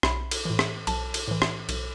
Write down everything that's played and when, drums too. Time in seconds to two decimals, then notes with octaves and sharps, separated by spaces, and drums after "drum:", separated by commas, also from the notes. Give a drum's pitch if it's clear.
0.03 B1 B5, drum: rim click
0.31 drum: cymbal
0.45 A2 E3
0.59 drum: rim click
0.87 B1 A5, drum: cymbal
1.14 drum: cymbal
1.28 A2 E3
1.42 drum: rim click
1.69 B1, drum: cymbal